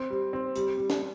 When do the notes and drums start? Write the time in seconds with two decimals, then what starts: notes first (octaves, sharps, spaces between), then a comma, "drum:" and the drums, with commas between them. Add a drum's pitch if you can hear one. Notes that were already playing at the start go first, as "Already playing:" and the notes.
Already playing: C4
0.10 G3
0.33 C4
0.56 G3, drum: hi-hat
0.78 G3
0.90 drum: snare